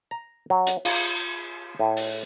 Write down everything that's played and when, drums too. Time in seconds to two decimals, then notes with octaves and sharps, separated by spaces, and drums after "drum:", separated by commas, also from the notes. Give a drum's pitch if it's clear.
0.11 A#5
0.50 F#3
0.67 drum: hi-hat
0.85 F4, drum: cymbal
1.79 A2
1.97 drum: open hi-hat